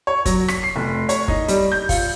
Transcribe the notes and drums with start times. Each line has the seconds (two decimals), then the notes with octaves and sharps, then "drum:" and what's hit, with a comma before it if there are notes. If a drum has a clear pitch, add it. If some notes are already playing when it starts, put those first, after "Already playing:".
0.07 C#5
0.25 F#3, drum: kick, hi-hat
0.48 B6, drum: rim click
0.63 C7
0.76 F1
1.09 C#5, drum: hi-hat
1.28 D#4, drum: kick
1.48 G3, drum: hi-hat
1.72 G6
1.89 F4, drum: kick, open hi-hat